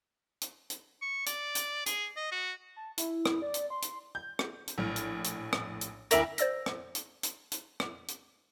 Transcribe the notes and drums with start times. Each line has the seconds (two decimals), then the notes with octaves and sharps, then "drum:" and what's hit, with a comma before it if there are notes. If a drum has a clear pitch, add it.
0.41 drum: hi-hat
0.70 drum: hi-hat
1.02 C#6
1.26 D5, drum: hi-hat
1.55 drum: hi-hat
1.86 G#4, drum: hi-hat
2.16 D#5
2.32 F#4
2.76 A5
2.98 E4, drum: hi-hat
3.25 drum: rim click
3.42 D5
3.54 drum: hi-hat
3.70 C6
3.82 drum: hi-hat
4.15 G6
4.39 drum: rim click
4.68 drum: hi-hat
4.78 A#1 A2 F6
4.96 drum: hi-hat
5.24 drum: hi-hat
5.53 drum: rim click
5.81 drum: hi-hat
6.11 D2 E4 A#4 D5 E5 A#6, drum: hi-hat
6.38 C5 D5 E6 A#6, drum: hi-hat
6.66 drum: rim click
6.95 drum: hi-hat
7.23 drum: hi-hat
7.52 drum: hi-hat
7.80 drum: rim click
8.08 drum: hi-hat